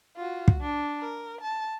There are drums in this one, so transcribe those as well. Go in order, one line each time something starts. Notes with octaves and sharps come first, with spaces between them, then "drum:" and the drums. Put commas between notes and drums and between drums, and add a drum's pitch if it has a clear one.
F4 F#4
drum: kick
D4
A#4
A5